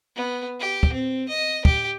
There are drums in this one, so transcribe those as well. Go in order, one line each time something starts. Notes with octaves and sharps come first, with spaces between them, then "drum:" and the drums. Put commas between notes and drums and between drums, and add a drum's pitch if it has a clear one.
B3
G4
drum: kick
C4
D#5
G4, drum: kick